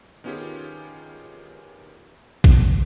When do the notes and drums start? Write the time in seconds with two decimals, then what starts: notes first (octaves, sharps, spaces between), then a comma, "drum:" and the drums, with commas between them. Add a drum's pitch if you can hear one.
0.24 D#3 B3 C#4 F4 G4 G#4
2.44 drum: kick